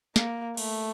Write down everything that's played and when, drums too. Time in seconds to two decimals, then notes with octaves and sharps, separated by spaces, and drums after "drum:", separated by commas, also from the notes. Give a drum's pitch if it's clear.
0.16 A#3, drum: snare
0.57 A3, drum: cymbal